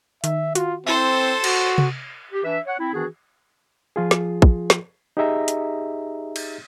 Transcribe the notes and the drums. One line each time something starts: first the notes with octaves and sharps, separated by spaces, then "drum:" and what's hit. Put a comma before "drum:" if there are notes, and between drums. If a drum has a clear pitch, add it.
D#3 E5, drum: hi-hat
F4 F#4, drum: hi-hat
C4 E4 A4 C5 E5
F#4, drum: cymbal
drum: tom C3
G4
E3 D4 B4 E5
C#5 F#5
C4 E4
D#3 E3 B3 D4 F#4 G#4
F3 F4 G#4
drum: snare
drum: kick
drum: snare
D#4 G4 G#4 D#5 E5 A#5
drum: hi-hat
drum: cymbal